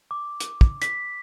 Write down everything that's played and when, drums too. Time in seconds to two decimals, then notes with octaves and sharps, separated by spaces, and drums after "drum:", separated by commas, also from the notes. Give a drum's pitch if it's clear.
0.11 D6
0.40 drum: hi-hat
0.61 drum: kick
0.82 B6, drum: hi-hat